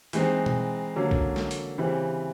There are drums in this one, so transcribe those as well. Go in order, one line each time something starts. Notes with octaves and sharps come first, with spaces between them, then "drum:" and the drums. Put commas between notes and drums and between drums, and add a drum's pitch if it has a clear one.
E3 G#3 C4 D#4, drum: hi-hat
drum: tom B2
D3 F#3 A#3 C#4
drum: kick B1
drum: snare
drum: hi-hat
C#3 E3 G3 C4 E4